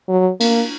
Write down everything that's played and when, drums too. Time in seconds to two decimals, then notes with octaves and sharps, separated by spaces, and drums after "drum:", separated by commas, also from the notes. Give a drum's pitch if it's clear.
0.09 F#3
0.40 A#3, drum: cymbal